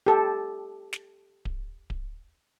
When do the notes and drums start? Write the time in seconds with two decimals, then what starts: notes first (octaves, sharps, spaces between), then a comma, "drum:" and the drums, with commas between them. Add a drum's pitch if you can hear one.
0.06 G4 A4
0.93 drum: snare
1.45 drum: kick D1
1.90 drum: kick D1